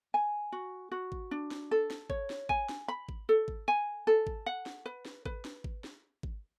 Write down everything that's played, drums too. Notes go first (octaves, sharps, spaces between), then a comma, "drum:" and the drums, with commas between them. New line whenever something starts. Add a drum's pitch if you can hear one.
G#5
F#4
F#4
drum: kick G#1
D4
drum: snare
A4
drum: snare
C#5, drum: kick G#1
drum: snare
G#5, drum: kick G#1
drum: snare
B5
drum: kick G#1
A4
drum: kick G#1
G#5
A4
drum: kick G#1
F#5
drum: snare
B4
drum: snare
B4, drum: kick G#1
drum: snare
drum: kick G#1
drum: snare
drum: kick G#1